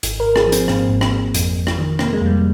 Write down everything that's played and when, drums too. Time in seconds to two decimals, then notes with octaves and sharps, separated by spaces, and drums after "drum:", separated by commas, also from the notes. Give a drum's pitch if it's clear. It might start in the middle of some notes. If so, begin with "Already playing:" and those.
0.03 G#1, drum: hi-hat
0.20 G#1 A#4
0.36 G#4, drum: rim click
0.46 F3
0.52 C4, drum: hi-hat
0.68 G#2 A#3, drum: rim click
0.90 G#1
1.01 drum: rim click
1.12 G#1
1.34 F2, drum: hi-hat
1.55 F2
1.67 drum: rim click
1.78 D#3
1.99 C3 A#3, drum: rim click
2.13 G#3
2.21 F2
2.26 G3